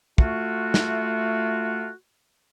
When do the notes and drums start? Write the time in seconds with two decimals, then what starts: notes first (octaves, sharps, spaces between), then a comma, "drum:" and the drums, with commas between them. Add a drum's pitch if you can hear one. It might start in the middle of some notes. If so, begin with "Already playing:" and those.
0.18 A3 F4 F#4, drum: kick
0.74 drum: snare